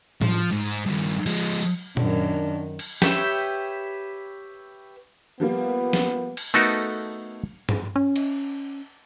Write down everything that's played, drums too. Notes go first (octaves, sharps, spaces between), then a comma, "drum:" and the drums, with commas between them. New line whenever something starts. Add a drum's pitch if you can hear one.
F3, drum: tom A2
G#2
G2 D#3
F3 G#3, drum: cymbal
drum: tambourine
F#2 D#3 D4, drum: tom A#2
drum: cymbal
G4 B4 C#5 E5 G5, drum: snare
F3 G3 A#3 B3
drum: snare
drum: cymbal
A3 B3 D#4 F#4 A4 A#4, drum: open hi-hat
drum: tom G2
C#4
drum: cymbal